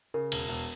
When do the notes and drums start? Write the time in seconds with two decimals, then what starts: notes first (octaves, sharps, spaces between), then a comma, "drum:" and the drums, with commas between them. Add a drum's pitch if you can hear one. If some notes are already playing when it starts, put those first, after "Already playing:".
0.14 C#3 A#4
0.32 E1, drum: cymbal
0.49 E1